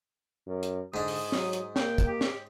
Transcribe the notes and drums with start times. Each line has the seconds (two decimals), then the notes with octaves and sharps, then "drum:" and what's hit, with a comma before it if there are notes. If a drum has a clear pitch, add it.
0.47 F#2
0.63 drum: hi-hat
0.94 G#2 D3 D4 D#6
1.08 drum: open hi-hat
1.32 F#3, drum: snare
1.53 drum: hi-hat
1.76 A#3 G5, drum: snare
1.98 drum: kick, hi-hat
2.08 G4
2.21 drum: snare